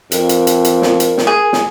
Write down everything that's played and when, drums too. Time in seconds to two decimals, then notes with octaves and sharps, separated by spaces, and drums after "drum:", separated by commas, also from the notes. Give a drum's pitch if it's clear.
0.12 F2 A#4, drum: hi-hat
0.29 drum: hi-hat
0.47 drum: hi-hat
0.65 drum: hi-hat
0.82 drum: snare
1.00 drum: hi-hat
1.17 drum: snare
1.27 G#4
1.53 drum: snare